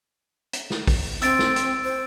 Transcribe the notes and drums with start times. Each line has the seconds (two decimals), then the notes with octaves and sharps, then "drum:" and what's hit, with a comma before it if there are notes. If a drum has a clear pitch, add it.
0.53 drum: hi-hat
0.70 drum: snare
0.87 drum: kick A#1, open hi-hat
1.22 C4 E6 A6 D7, drum: hi-hat
1.39 drum: snare
1.56 drum: hi-hat
1.84 C5